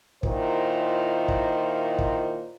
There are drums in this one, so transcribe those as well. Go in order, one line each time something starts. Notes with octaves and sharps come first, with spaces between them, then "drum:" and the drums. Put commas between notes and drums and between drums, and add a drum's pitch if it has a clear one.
A#2 D#3 E4 F4 A#4 C5, drum: kick
drum: kick
drum: kick